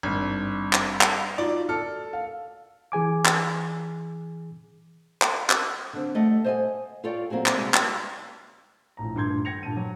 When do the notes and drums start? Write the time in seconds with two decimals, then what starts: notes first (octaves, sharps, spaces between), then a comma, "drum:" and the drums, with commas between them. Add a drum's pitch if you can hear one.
0.03 G#1 G2
0.73 drum: clap
1.01 drum: clap
1.38 D#4 F4 F#4 D5
1.69 A4 F6
2.13 F5
2.92 E3 G#4 G#5 D6
3.25 drum: clap
5.22 drum: clap
5.50 drum: clap
5.93 D3 C4
6.14 G3 A3 D#5 F#5
6.44 C5 C#5 D#5 E5 F#5 G#5
7.04 F4 A4 C#5 D5 G5
7.30 F#3 A#3 C4 F#4 G#4
7.46 drum: clap
7.58 C3 G3 G#3
7.74 drum: clap
8.97 A#1 A2 A#5
9.15 D#1 G2 A3 C6 G6 G#6
9.45 G5 G#6 A#6 C#7 F7
9.63 G2 A#2 A5 D#7
9.76 F#3